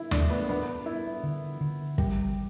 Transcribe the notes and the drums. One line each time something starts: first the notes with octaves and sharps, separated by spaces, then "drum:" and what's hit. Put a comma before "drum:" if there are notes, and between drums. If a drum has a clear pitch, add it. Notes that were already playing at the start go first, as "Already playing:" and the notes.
Already playing: E4
A3 D4, drum: tom D#2
B3
B3 D4
D4 E4
D3
D3
G3 G4, drum: kick